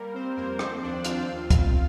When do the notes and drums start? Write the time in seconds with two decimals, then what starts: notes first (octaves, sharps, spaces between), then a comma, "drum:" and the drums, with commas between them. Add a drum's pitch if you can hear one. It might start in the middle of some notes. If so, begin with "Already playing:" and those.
Already playing: G3 A#3 A#4
0.14 A#3 C4 C5
0.37 F2 A#3 A#4
0.59 F3 C4 C5, drum: rim click
0.82 D#2 D4 D5
1.05 D#2 F4 F5, drum: hi-hat
1.28 C4
1.50 drum: kick, hi-hat